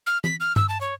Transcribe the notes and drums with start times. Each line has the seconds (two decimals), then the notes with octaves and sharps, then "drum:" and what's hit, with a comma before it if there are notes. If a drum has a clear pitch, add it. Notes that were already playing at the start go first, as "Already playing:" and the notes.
0.07 F6
0.24 B6, drum: tom E3
0.40 F6
0.56 E6, drum: tom G2
0.69 A5
0.81 C#5